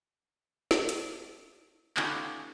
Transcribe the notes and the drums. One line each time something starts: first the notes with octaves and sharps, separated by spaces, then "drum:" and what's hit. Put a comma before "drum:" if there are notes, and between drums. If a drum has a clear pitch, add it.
drum: snare
drum: hi-hat
A3 B3 C#4 D#4 F4 G4, drum: clap